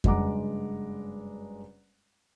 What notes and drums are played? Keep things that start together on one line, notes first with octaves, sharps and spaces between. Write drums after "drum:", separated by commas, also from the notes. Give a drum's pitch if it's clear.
F#1 G2 G#3 F#5 A#5 D6, drum: kick F2